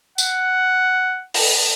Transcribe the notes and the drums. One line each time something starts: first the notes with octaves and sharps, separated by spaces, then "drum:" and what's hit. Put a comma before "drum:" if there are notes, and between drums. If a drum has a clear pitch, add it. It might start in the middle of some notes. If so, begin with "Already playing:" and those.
F#5, drum: tambourine
drum: open hi-hat